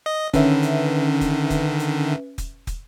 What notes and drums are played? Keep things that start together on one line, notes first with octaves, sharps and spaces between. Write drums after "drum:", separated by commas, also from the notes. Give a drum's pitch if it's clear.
D#5
D3 D#3 C#4 B4 E5, drum: kick, hi-hat
drum: hi-hat
drum: kick, hi-hat
drum: kick, hi-hat
drum: hi-hat
drum: kick, hi-hat
drum: kick, hi-hat